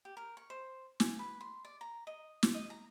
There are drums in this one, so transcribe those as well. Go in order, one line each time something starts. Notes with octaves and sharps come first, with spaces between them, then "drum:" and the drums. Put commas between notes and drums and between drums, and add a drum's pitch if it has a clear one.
G4
A#4
C#6
C5
G#5, drum: snare
B4
C6
D5
A#5
D#5
drum: snare
D#5
A#5